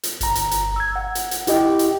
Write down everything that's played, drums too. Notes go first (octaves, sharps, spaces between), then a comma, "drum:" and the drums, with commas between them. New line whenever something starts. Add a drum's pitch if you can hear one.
drum: hi-hat
G1 A#5, drum: hi-hat
drum: hi-hat
drum: hi-hat
E6 G#6
F#5
drum: hi-hat
drum: hi-hat
E4 G4 D#5 G5, drum: hi-hat
drum: hi-hat